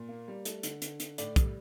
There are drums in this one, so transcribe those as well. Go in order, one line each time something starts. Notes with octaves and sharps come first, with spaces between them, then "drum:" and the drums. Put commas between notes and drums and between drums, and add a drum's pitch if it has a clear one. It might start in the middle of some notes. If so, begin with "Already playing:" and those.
Already playing: A#2
A#3
G3
A3, drum: hi-hat
D3, drum: hi-hat
D3, drum: hi-hat
D3, drum: hi-hat
A2 D5, drum: hi-hat
G3, drum: kick, hi-hat